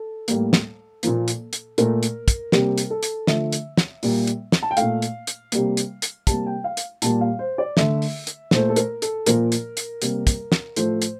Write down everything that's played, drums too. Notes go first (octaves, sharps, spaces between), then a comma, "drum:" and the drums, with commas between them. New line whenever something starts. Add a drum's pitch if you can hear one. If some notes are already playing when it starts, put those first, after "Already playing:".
Already playing: A4
A2 G3 A#3, drum: hi-hat
drum: snare
A#2 F3 A#3, drum: hi-hat
drum: hi-hat
drum: hi-hat
A#2 A3 A#4, drum: hi-hat
drum: hi-hat
drum: kick, hi-hat
C3 G3 A#3 A#4, drum: snare
drum: hi-hat
A4
drum: hi-hat
D3 F3 A3 E5, drum: snare
drum: hi-hat
drum: snare
A#2 G3 A#3, drum: open hi-hat
drum: hi-hat
drum: snare
A5
G5
A#2 A3 F5, drum: hi-hat
drum: hi-hat
drum: hi-hat
C3 G3 A#3, drum: hi-hat
drum: hi-hat
drum: hi-hat
C3 G3 A#3 A5, drum: kick, hi-hat
G5
F5
drum: hi-hat
A#2 G3 A#3 A5, drum: hi-hat
F5
C5
D5
D3 A3 E5, drum: snare
drum: open hi-hat
drum: hi-hat
A#2 A3 C5, drum: snare
A4
A#4, drum: hi-hat
A4, drum: hi-hat
A#2 F3 A#3 A#4, drum: hi-hat
drum: hi-hat
drum: hi-hat
C3 G3 A#3, drum: hi-hat
drum: kick, hi-hat
drum: snare
A2 F3 A3 C5, drum: hi-hat
drum: hi-hat